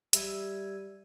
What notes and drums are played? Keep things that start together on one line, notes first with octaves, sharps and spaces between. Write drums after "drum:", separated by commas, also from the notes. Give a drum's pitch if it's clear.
G3 E5 G#5, drum: hi-hat